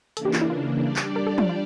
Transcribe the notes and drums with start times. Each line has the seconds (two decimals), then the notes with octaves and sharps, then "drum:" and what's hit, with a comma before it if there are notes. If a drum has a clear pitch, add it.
0.17 C#3 E3 A#3 D4 A4, drum: hi-hat
0.25 G4
0.33 F4, drum: clap
0.41 E4
0.50 F4
0.83 G3 D4 G4 D5
0.96 drum: clap
1.16 A#4
1.27 A4
1.38 F4, drum: tom
1.49 F4